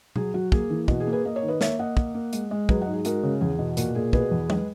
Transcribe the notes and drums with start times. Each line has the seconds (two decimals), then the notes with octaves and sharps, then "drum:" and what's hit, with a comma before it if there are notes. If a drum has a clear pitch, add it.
0.16 F#3 G#4, drum: tom B2
0.34 F#3 F#4
0.52 A#3 G#4, drum: kick
0.70 E3
0.88 B2 F#4, drum: kick
1.00 G#4
1.07 A#3
1.13 G#4 B4
1.25 A#3 D#5
1.36 C#5
1.42 D#3
1.48 B4 D#5
1.61 A#3 C#5 E5, drum: snare
1.79 A#3 D#5 F#5
1.97 A#3, drum: kick
2.14 A#3
2.33 G#3, drum: hi-hat
2.51 G#3
2.69 F#3 G#4 B4, drum: kick
2.81 D#5 F#5
2.87 G#2
2.93 G#4
3.05 G#3 F#4 A#4, drum: hi-hat
3.23 C#3
3.41 E2 G#4
3.59 B2
3.77 A#2 F#4, drum: hi-hat
3.95 A#2 G#4
4.13 B2 G#4 B4, drum: kick
4.31 E2
4.50 G#3, drum: tom F#3